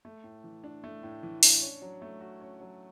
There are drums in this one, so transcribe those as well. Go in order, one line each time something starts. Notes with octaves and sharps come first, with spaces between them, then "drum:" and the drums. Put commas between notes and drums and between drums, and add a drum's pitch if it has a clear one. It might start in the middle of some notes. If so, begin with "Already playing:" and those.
A3
A2
E3
D4
A3
A2
E3
D4, drum: open hi-hat
C#4
F#3
A3
F#4
C#4
F#3